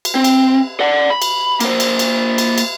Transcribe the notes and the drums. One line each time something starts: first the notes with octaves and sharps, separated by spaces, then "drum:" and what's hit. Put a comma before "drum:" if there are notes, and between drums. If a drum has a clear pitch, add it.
drum: cymbal
C4
drum: cymbal
D5 F#5
B5
drum: cymbal
A#3 C5, drum: cymbal
drum: cymbal
drum: cymbal
drum: cymbal
drum: cymbal